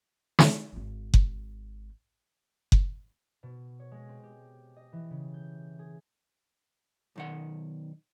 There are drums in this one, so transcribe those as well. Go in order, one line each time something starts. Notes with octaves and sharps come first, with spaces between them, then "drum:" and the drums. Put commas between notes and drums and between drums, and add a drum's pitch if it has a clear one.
drum: snare
D1 G#1
drum: kick F#1
drum: kick F#1
B2
C#5
G#3
C4
G4
D#5
E3
C#3
G6
G#4
B1 D#3 F#5